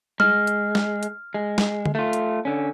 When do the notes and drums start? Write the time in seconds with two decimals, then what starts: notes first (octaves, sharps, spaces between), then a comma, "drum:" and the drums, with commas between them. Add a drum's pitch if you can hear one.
0.20 G#3 F6, drum: tom G3
0.47 drum: hi-hat
0.75 drum: snare
1.03 drum: hi-hat
1.34 G#3
1.58 drum: snare
1.86 drum: tom D3
1.95 A3 F4
2.13 drum: hi-hat
2.45 D3 C#4